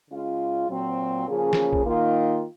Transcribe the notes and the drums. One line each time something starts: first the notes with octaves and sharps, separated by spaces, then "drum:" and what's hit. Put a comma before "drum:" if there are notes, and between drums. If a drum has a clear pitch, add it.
C#3 G#3 C#4 F4
A#2 F#3 C4
C#3 F3 A#3 C#4 G#4
drum: snare
drum: kick A#1
D#3 A#3 F4